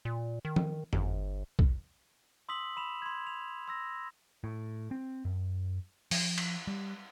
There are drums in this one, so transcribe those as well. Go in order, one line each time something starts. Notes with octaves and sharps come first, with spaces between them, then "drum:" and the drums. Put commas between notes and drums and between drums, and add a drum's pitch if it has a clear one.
A#2
D#3
drum: tom E3
G1, drum: tom F2
drum: kick B1
C6 D#6 E6 B6 F#7
B5 E7 F7
C6 G#6
F7
C6 E6 A#6
A2
C4
F#2
F3, drum: open hi-hat
drum: cymbal
G3